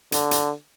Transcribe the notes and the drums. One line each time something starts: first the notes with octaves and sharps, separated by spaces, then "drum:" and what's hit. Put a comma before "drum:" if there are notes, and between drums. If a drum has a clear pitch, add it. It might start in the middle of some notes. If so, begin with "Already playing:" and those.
D3, drum: hi-hat
drum: hi-hat